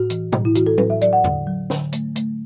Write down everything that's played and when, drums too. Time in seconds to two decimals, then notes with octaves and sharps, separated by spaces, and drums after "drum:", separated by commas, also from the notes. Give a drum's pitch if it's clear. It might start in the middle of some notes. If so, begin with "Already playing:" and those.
Already playing: A2 F#4
0.10 E3, drum: hi-hat
0.33 A2, drum: tom B2
0.45 E4
0.55 E3 F#4, drum: hi-hat
0.67 A4
0.78 A2 B4, drum: tom F#3
0.90 E5
1.01 F#3 D5, drum: hi-hat
1.13 F#5
1.24 D3, drum: tom E2
1.47 F#3
1.70 D3, drum: snare
1.93 A3, drum: hi-hat
2.16 A3, drum: hi-hat